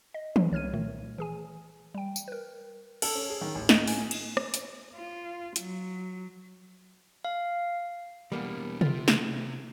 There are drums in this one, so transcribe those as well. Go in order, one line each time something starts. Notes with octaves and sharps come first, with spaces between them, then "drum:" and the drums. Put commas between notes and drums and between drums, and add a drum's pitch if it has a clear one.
D#5
drum: tom
C2 C#5 F6 G#6 D#7
A#2 D#3 A3
E3 G#4 G#5
G3 G5
drum: tambourine
A#4 B4
A4, drum: cymbal
C#4
G#4
D#3
A1
D#5, drum: snare
G#5, drum: open hi-hat
drum: cymbal
drum: rim click
drum: hi-hat
F4
F#3, drum: hi-hat
F5
B2 E3 G3 A#3 B3
C3 F4, drum: tom C3
drum: snare